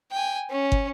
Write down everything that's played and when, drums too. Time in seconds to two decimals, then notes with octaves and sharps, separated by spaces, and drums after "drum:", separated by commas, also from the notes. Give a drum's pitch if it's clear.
0.11 G5 G#5
0.50 C#4
0.72 drum: kick